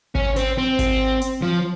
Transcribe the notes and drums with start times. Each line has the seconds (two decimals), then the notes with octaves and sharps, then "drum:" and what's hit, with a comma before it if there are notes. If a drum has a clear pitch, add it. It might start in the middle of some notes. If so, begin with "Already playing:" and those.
0.15 C#4, drum: kick G#1
0.36 C4, drum: hi-hat
0.58 C4
0.79 drum: kick G#1, hi-hat
1.22 drum: hi-hat
1.42 F3